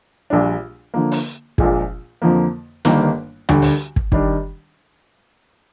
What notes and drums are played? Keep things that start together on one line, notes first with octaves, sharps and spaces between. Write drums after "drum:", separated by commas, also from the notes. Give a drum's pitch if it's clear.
A#1 A#2 G3 D4
D3 F3 A#3
drum: open hi-hat
A#1 A#2 F3 G#3, drum: kick
F2 D3 F3 A#3
G1 G2 D#3 A#3, drum: snare
D2 D3 G3, drum: tom
drum: open hi-hat
drum: kick
D#3 G3 D4, drum: kick